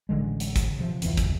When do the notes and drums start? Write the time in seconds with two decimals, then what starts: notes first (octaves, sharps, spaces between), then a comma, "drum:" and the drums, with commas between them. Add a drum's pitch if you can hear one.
0.09 A1 D3 G#3
0.40 drum: hi-hat
0.56 drum: kick, hi-hat
0.79 C3 F3
1.02 D1 F2 E3, drum: hi-hat
1.17 drum: kick, hi-hat